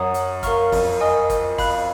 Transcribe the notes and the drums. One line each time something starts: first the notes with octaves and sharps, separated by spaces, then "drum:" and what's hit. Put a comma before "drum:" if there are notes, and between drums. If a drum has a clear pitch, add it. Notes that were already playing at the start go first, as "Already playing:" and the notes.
Already playing: F#2 C#5 F#5 A#5 D#6
drum: hi-hat
A#4 F5 A#5 C#6 F6, drum: kick, hi-hat
F2, drum: kick, open hi-hat
A#4 D#5 G#5 D#6
drum: kick, hi-hat
F5 B5 F#6, drum: kick, open hi-hat